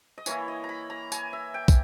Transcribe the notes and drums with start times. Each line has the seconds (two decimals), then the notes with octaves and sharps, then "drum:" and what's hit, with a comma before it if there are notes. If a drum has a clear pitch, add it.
0.18 D#5
0.26 E3 A#3 E4 C#5, drum: tambourine
0.48 D#5
0.64 A#5
0.69 B5
0.90 A#5
1.12 G#5, drum: tambourine
1.33 E5
1.54 G5
1.68 drum: kick, tambourine